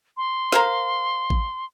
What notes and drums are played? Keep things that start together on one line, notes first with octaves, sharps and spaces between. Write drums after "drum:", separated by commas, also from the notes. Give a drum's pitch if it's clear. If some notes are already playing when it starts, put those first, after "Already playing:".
C6
A#4 C5 F5, drum: snare
drum: kick A1